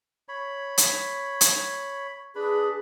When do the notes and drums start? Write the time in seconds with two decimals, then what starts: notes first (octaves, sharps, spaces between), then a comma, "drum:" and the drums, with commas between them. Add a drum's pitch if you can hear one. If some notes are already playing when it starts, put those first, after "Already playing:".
0.28 C#5 B5
0.78 drum: hi-hat
1.41 drum: hi-hat
2.35 D4 G#4 B4 B5